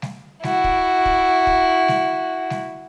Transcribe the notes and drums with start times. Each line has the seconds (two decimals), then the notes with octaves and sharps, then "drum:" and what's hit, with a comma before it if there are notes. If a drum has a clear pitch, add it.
0.02 drum: snare G3
0.43 E4 F#4, drum: snare G3
0.64 drum: kick
1.06 drum: kick
1.47 drum: kick
1.88 drum: snare G3
2.50 drum: snare G3